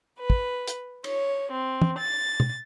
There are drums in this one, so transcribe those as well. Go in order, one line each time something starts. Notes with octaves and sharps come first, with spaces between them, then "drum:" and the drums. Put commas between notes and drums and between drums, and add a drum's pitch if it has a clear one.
B4
drum: kick
drum: hi-hat
C#5, drum: cymbal
C4
drum: tom
A6
drum: tom